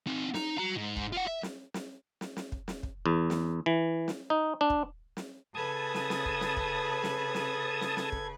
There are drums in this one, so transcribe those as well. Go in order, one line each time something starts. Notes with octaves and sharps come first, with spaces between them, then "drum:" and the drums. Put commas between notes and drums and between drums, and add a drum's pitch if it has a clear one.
C4 D#4
D#4, drum: snare
F#4 A#5
G#2
drum: kick
F4 F#5
E5
drum: snare
drum: snare
drum: snare
drum: snare
drum: kick
drum: snare
drum: kick
E2
drum: snare
E3
drum: snare
D#4
D4
drum: kick
drum: snare
C#3 A4 B4 A5 D#6 G#6
drum: snare
drum: snare
drum: kick
drum: snare
drum: kick
drum: snare
drum: snare
drum: snare
drum: snare
drum: kick